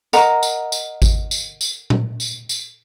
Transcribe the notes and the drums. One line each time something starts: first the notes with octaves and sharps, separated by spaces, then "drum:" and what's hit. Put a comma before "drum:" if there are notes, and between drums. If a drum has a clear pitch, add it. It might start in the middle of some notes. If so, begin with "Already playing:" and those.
A#4 D#5 F#5 A#5, drum: tambourine
drum: tambourine
drum: tambourine
drum: kick G#1, tambourine
drum: tambourine
drum: tambourine
drum: tom A#2
drum: tambourine
drum: tambourine